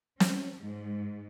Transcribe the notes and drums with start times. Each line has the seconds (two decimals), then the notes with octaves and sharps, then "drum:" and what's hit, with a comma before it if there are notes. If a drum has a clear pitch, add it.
0.20 C#4, drum: snare
0.61 G#2